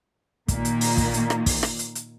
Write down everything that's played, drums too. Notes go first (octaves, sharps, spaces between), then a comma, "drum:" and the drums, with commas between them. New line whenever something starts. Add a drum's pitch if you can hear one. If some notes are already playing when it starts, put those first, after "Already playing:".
A#2 D#3 A#3, drum: kick, hi-hat
drum: hi-hat
drum: open hi-hat
drum: kick, hi-hat
drum: hi-hat
drum: rim click
drum: kick, open hi-hat
drum: rim click
drum: hi-hat
drum: hi-hat